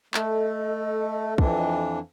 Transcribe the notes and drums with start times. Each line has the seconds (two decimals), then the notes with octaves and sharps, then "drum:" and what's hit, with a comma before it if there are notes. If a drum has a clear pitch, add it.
0.14 A3 A4 D#5, drum: clap
1.38 F2 E3 D4, drum: kick